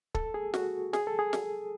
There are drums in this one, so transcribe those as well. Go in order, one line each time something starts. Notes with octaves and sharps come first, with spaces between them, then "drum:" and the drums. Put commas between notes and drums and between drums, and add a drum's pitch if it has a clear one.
A4, drum: kick
G#4
F#4, drum: snare
G#4, drum: snare
A4
G#4
drum: snare